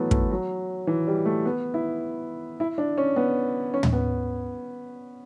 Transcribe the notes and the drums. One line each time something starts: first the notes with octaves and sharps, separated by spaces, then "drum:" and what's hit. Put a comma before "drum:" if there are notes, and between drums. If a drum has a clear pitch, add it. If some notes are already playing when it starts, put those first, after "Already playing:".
Already playing: E3 F#3 A3 B3
A3, drum: kick
F#3
E3
G3
A3
B3
E4
E4
D4
C#4
B3
C#4
drum: tom
B3